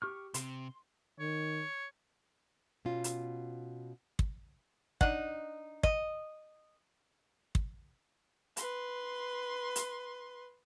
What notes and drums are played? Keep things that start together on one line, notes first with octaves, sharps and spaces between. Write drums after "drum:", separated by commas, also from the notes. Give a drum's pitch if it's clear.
G4 C#6 F6
C3 C6, drum: hi-hat
D#3 C#5
B2 C#4 F4
drum: hi-hat
drum: kick
D4 D#4 F#5, drum: kick
D#5, drum: kick
drum: kick
B4 C6, drum: hi-hat
drum: hi-hat